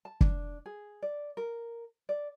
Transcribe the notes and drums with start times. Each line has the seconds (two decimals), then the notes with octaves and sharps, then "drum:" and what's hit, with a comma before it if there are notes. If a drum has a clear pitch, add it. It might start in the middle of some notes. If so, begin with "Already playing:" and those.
0.05 A5
0.21 D4, drum: kick
0.66 G#4
1.02 D5
1.37 A#4
2.09 D5